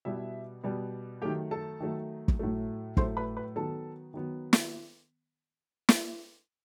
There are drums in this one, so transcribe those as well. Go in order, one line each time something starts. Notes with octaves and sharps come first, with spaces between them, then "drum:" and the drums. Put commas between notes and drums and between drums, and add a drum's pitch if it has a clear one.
B2 G3 B3 E4 E5
B2 G3 B3
D#3 F#3 A3 G4 G5
A4 A5
D#3 F#3 A3
drum: kick
A2 F#3 A3
A2 F#3 A3 C5 C6, drum: kick
B4 B5
B4 B5
D#3 F#3 B3 A4 A5
D#3 F#3 B3
drum: snare
drum: snare